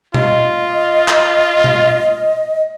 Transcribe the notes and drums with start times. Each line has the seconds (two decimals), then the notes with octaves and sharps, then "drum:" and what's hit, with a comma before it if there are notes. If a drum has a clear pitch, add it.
0.14 F4 D#5, drum: tom B2
1.08 drum: clap
1.64 drum: tom B2